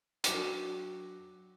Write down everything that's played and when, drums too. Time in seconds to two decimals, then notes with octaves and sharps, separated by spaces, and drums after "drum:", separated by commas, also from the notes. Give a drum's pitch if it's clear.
0.24 F#3 D4 F#4 G5 D6, drum: hi-hat